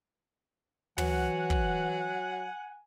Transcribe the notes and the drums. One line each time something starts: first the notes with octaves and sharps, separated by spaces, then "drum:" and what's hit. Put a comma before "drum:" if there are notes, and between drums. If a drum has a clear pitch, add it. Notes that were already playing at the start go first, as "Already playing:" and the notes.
E3 F#3 F#5 G#5, drum: tom
drum: kick